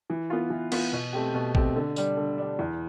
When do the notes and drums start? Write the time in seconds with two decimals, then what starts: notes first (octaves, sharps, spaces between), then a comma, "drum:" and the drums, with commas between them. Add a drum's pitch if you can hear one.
0.10 E3
0.30 B3 F4
0.50 E3
0.72 B3 F4, drum: cymbal
0.92 B2
1.13 A3 C4 G4
1.34 B2
1.55 A3 C4 G4, drum: kick
1.76 D3
1.96 G3 D4, drum: tambourine
2.17 D3
2.38 G3 D4
2.59 E2